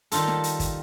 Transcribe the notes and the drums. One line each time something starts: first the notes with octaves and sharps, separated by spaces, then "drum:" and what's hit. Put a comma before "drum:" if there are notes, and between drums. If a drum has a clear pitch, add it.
D#3 G3 F4 A4, drum: hi-hat
drum: snare
drum: hi-hat
drum: kick, hi-hat